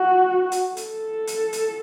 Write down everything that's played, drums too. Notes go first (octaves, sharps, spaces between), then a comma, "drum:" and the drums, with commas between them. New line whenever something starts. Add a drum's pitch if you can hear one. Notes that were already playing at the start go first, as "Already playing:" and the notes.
Already playing: F#4
drum: hi-hat
A4, drum: hi-hat
drum: hi-hat
drum: hi-hat